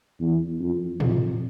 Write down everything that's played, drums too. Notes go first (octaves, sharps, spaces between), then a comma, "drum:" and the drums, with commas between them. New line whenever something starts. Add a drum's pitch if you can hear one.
E2
F2
F2, drum: tom